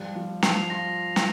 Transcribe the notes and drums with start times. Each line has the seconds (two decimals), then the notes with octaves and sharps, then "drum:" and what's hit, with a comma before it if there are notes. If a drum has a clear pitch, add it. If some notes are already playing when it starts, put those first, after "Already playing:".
Already playing: F3 G3
0.15 F3
0.43 F3 C7 F7, drum: snare
0.70 F4 A#6
1.16 drum: snare